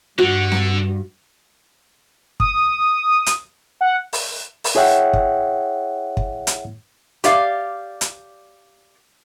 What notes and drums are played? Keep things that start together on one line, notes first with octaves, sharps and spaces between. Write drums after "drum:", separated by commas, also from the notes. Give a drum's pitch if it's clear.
G2 D3 F#4
drum: snare C4
D#6, drum: kick
drum: hi-hat
F#5
drum: open hi-hat
drum: open hi-hat
E4 G#4 C#5 E5 F#5 G5
drum: kick
drum: kick
drum: hi-hat
G4 D5 F5, drum: hi-hat
drum: hi-hat